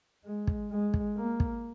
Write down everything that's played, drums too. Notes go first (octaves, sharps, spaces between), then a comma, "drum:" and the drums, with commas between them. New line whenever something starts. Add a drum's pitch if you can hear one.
G#3
drum: kick
G#3
drum: kick
A#3
drum: kick